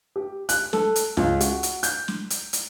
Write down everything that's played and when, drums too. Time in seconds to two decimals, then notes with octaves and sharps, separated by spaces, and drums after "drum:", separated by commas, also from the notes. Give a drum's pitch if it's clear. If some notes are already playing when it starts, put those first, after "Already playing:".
0.16 G4
0.49 F#6, drum: hi-hat
0.73 A4, drum: snare
0.96 drum: hi-hat
1.17 C#2, drum: snare
1.40 F#4, drum: hi-hat
1.63 drum: hi-hat
1.83 G6, drum: hi-hat
2.08 drum: snare
2.30 drum: hi-hat
2.53 drum: hi-hat